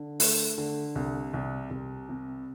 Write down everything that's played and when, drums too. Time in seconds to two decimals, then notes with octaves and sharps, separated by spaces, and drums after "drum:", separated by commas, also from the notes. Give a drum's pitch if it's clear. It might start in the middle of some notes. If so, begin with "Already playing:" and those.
Already playing: D3
0.20 A3, drum: open hi-hat
0.58 D3
0.95 C2
1.34 C2
1.71 C2
2.09 C3